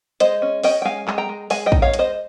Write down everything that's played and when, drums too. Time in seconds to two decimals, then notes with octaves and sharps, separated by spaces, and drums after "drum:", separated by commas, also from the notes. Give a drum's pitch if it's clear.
0.20 G#3 C5 D#5, drum: hi-hat
0.42 C#4
0.63 C#4 D#5 G5, drum: open hi-hat
0.82 G5
0.85 G#3 F5 G#5
1.08 G#3, drum: clap
1.18 G5 A#5
1.29 G#3
1.50 G#3 F5 G#5, drum: open hi-hat
1.66 D#5 G5
1.72 D#4, drum: kick
1.82 C#5 F5
1.94 G#3, drum: hi-hat
1.99 C5 D#5